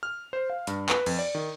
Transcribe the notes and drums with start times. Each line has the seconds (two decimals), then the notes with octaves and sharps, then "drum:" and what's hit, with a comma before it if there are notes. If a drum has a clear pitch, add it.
0.03 F6
0.33 C5
0.50 F5
0.67 G2, drum: hi-hat
0.89 B4, drum: clap
1.06 F2, drum: cymbal
1.19 D5
1.35 D#3